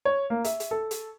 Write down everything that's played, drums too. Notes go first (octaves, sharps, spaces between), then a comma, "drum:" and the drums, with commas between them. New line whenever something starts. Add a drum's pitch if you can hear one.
C#5
A#3
E5, drum: hi-hat
drum: hi-hat
A4
drum: hi-hat